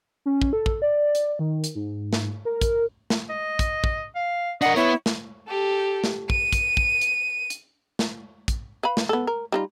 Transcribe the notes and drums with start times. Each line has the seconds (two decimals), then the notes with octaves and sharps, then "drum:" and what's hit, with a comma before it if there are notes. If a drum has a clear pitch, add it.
0.26 C#4
0.42 drum: kick
0.53 A4
0.66 drum: kick
0.82 D5
1.15 drum: hi-hat
1.39 D#3
1.64 drum: hi-hat
1.75 G#2
2.13 drum: snare
2.45 A#4
2.61 drum: kick, hi-hat
3.10 drum: snare
3.29 D#5
3.59 drum: kick, hi-hat
3.84 drum: kick
4.15 F5
4.61 D4 A#4 D#5 F#5
4.76 B3 E4 C#5
5.06 drum: snare
5.48 G4 A4
6.04 drum: snare
6.30 D#7, drum: kick
6.53 drum: kick, hi-hat
6.77 drum: kick
7.01 drum: hi-hat
7.50 drum: hi-hat
7.99 drum: snare
8.48 drum: kick, hi-hat
8.83 B4 F5 B5
8.97 drum: snare
9.09 B3 A4
9.27 A#4
9.52 G3 D#4 F4